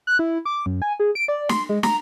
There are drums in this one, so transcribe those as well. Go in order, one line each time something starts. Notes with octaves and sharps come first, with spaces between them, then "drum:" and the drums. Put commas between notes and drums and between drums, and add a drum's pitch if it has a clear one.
F#6
E4
D6
F#2
G#5
G#4
D7
D5
C6, drum: snare
G#3
A#5, drum: snare